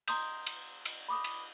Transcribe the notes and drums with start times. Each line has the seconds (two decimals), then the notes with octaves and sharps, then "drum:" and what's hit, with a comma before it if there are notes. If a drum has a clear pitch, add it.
0.08 A#5 C6 D#6 G6, drum: cymbal
0.47 drum: cymbal
0.85 drum: cymbal
1.09 B5 D6 D#6
1.24 drum: cymbal